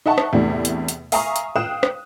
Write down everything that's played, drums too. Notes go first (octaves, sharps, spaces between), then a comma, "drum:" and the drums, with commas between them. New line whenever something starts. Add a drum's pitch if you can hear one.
D#4 E5 F#5 A5 C#6
drum: rim click
E2 A2 C3 A3 D4 E4
drum: hi-hat
drum: hi-hat
E5 F5 G#5 A#5 C#6 D#6, drum: open hi-hat
drum: hi-hat
F5 G5 D#6 F#6 E7
drum: rim click